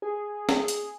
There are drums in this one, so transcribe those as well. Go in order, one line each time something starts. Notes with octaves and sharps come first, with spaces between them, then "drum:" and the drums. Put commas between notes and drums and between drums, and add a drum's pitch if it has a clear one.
G#4
drum: snare
drum: hi-hat